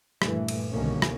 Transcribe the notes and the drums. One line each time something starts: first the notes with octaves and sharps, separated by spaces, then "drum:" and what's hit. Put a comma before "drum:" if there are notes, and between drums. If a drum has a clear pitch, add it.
G2 A#2 E3 A3, drum: rim click
drum: cymbal
C2 B2 D3 D#3 A#3 C#4
drum: rim click